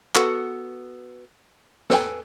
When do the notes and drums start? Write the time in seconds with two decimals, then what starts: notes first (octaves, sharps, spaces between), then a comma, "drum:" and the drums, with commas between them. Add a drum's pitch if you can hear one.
0.15 B3 F#4 A4 F#5, drum: clap
1.90 A4 B4 E5 G5 G#5, drum: snare